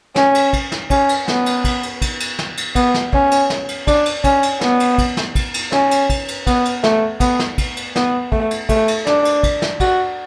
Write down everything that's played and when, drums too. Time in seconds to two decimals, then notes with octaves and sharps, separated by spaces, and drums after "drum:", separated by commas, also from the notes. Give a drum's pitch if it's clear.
0.16 C#4, drum: snare
0.35 drum: cymbal
0.53 drum: kick, cymbal
0.72 drum: snare
0.90 C#4, drum: kick, cymbal
1.09 drum: cymbal
1.28 B3, drum: snare
1.46 drum: cymbal
1.64 drum: kick, cymbal
1.83 drum: cymbal
2.02 drum: kick, cymbal
2.20 drum: cymbal
2.39 drum: snare
2.57 drum: cymbal
2.75 B3, drum: kick, cymbal
2.94 drum: snare
3.13 C#4, drum: kick
3.31 drum: cymbal
3.50 drum: snare
3.69 drum: cymbal
3.87 D4, drum: kick, cymbal
4.06 drum: cymbal
4.24 C#4, drum: kick, cymbal
4.43 drum: cymbal
4.61 B3, drum: snare
4.80 drum: cymbal
4.98 drum: kick, cymbal
5.17 drum: snare
5.35 drum: kick, cymbal
5.54 drum: cymbal
5.72 C#4, drum: snare
5.91 drum: cymbal
6.10 drum: kick, cymbal
6.28 drum: cymbal
6.47 B3, drum: kick, cymbal
6.65 drum: cymbal
6.84 A3, drum: snare
7.20 B3, drum: kick, cymbal
7.39 drum: snare
7.58 drum: kick, cymbal
7.77 drum: cymbal
7.96 B3, drum: snare
8.32 A3, drum: kick
8.51 drum: cymbal
8.69 A3, drum: kick, cymbal
8.88 drum: cymbal
9.07 D4, drum: snare
9.25 drum: cymbal
9.43 drum: kick, cymbal
9.62 drum: snare
9.80 F#4, drum: kick, cymbal